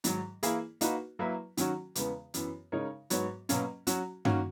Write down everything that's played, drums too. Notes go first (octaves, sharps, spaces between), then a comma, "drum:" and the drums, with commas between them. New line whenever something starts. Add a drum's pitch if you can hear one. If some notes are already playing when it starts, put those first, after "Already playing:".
G#2 D#3 F#3, drum: hi-hat
E3 A#3 E4 G#4, drum: hi-hat
A#3 D#4 F#4 B4, drum: hi-hat
F#3 A#3 E4 B4 E5
D#3 F#3 C#4 F#4, drum: hi-hat
E2 C#3 E3 G#3 B3, drum: hi-hat
F#2 E3 B3, drum: hi-hat
C#3 G#3 D#4 A#4 C#5
G#2 F#3 B3 F#4 C#5, drum: hi-hat
B2 F#3 A#3 C#4, drum: hi-hat
F#3 C#4 F#4, drum: hi-hat
D#3 A#3 C#4 F#4, drum: tom G2